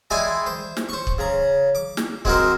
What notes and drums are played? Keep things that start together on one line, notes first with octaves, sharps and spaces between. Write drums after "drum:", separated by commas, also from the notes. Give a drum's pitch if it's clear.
G#3 E4 D5 G5 G#5
C5
drum: snare
C5 C#6
drum: kick
C#3 A#5
D6
drum: snare
G#3 C4 F#4 A#4 C5, drum: kick